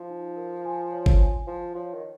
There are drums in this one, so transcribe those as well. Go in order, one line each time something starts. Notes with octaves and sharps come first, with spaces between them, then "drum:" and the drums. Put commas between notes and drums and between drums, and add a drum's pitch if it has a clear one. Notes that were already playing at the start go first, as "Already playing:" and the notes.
Already playing: F3
D#4
A#4
G#5
C#5
drum: kick G1
G#5
F3 F5
F3 C#5
D#3